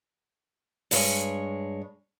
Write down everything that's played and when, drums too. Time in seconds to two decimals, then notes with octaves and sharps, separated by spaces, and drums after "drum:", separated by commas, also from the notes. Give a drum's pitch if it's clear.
0.91 G2 G#3 C#5 G#5, drum: open hi-hat